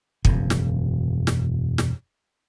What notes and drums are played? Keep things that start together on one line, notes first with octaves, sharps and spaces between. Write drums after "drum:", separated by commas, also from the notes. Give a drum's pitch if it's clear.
E1 F#2 C#3, drum: kick
drum: snare
drum: snare
drum: snare